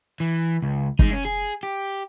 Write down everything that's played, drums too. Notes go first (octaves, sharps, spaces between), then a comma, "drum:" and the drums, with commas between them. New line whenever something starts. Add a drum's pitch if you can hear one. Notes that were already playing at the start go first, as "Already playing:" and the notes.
E3
C#2
G#3 D#4, drum: kick
C#4
G#4
G4